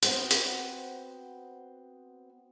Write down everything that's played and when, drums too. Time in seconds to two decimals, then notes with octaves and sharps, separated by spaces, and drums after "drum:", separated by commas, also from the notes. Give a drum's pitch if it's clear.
0.03 B3 C4 F#4 C5 G5, drum: hi-hat
0.31 drum: hi-hat